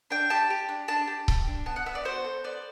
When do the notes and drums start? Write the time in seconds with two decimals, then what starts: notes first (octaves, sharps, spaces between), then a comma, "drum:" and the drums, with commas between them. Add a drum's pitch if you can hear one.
0.10 D4 G5
0.30 G4 A5
0.50 G4
0.69 D4
0.88 D4 A5
1.07 G4
1.28 G4, drum: kick C#1
1.47 D4
1.66 B3 A5
1.76 F#5
1.86 B3 E5
1.95 D5
2.05 F#4 C5
2.24 A4
2.44 B3 D5